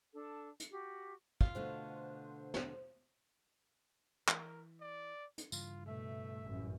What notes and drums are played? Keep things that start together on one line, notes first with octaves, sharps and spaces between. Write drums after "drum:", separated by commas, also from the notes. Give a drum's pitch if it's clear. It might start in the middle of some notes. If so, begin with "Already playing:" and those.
D4 A4
drum: hi-hat
F#4 G4
F4, drum: kick
B2 D3 A3 C5
drum: snare
E3 A#4, drum: clap
D5
drum: hi-hat
G2 C#3 E3 F4, drum: tambourine
B2 A3 E5
A1 F#2